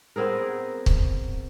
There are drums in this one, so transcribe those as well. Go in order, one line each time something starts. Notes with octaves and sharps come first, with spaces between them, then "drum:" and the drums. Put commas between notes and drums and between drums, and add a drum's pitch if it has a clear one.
B3 C4 G#4 A#4
drum: kick